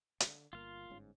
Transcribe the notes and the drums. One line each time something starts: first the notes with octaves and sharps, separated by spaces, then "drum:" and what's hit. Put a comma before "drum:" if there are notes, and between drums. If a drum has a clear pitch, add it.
D3, drum: hi-hat
G1 A#3 F4 F5
G1 G#2 C#4